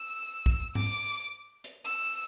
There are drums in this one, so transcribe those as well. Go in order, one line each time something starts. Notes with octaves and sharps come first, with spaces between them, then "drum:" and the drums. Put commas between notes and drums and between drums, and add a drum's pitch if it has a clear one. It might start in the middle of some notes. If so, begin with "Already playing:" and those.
Already playing: E6
drum: kick
D6, drum: tom G#2
drum: hi-hat
E6